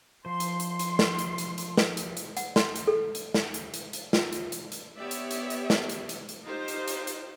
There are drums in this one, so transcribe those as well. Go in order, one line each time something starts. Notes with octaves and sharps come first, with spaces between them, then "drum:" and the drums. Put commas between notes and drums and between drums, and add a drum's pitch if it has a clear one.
F3 C5 C6
drum: hi-hat
drum: hi-hat
drum: hi-hat
drum: snare
drum: hi-hat
drum: hi-hat
drum: hi-hat
drum: snare
drum: hi-hat
drum: hi-hat
F#5, drum: hi-hat
C6, drum: snare
drum: hi-hat
A4
drum: hi-hat
drum: snare
drum: hi-hat
drum: hi-hat
drum: hi-hat
F4, drum: snare
drum: hi-hat
drum: hi-hat
drum: hi-hat
B3 G4 C#5 D5 E5
drum: hi-hat
drum: hi-hat
drum: hi-hat
drum: snare
drum: hi-hat
drum: hi-hat
drum: hi-hat
D#4 F4 G4 C5
drum: hi-hat
drum: hi-hat
drum: hi-hat